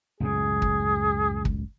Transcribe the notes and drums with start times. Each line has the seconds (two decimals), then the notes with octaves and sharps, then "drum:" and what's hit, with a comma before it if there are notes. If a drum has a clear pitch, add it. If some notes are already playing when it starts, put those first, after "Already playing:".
0.20 C#2 F#2 A2 G#4
0.62 drum: kick
1.45 drum: kick